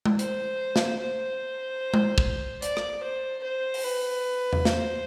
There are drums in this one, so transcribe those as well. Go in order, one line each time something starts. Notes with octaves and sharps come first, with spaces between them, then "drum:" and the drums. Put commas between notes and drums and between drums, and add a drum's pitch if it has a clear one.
drum: tom G#3
C5, drum: hi-hat
drum: snare
C5
drum: tom G#3
drum: kick
D5, drum: hi-hat
drum: rim click
C5
C5
drum: open hi-hat
B4
drum: tom E2
C5, drum: snare